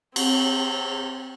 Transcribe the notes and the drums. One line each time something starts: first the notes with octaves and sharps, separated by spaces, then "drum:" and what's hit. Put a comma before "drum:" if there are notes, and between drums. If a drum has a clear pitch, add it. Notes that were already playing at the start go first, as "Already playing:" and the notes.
C4, drum: cymbal